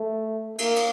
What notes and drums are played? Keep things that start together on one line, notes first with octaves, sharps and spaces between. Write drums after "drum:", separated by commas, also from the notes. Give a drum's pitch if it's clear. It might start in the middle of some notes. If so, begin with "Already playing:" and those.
Already playing: A3
A#3, drum: cymbal
drum: cymbal